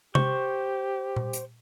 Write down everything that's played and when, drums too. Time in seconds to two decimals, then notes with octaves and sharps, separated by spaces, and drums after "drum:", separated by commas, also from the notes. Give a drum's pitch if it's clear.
0.15 G4 C5 C#6, drum: tom C3
1.16 drum: tom A#2
1.33 drum: hi-hat